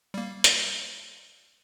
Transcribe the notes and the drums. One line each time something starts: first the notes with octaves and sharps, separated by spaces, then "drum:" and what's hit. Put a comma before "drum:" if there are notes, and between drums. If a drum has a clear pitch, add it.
G3 A#3
drum: hi-hat